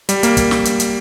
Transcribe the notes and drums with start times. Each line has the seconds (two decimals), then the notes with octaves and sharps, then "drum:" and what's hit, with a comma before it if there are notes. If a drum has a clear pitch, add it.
0.09 G3, drum: hi-hat
0.23 A#3, drum: hi-hat
0.37 drum: kick, hi-hat
0.51 drum: snare
0.65 drum: hi-hat
0.80 drum: hi-hat